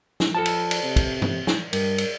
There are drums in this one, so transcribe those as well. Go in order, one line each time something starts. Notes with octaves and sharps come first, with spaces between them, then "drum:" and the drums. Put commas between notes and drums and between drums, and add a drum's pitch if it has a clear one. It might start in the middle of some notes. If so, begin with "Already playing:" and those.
drum: snare
F3 A4 C5 A5
drum: cymbal
drum: cymbal
C3
drum: kick, cymbal
drum: tom G2
drum: snare
G2 A#4, drum: cymbal
drum: cymbal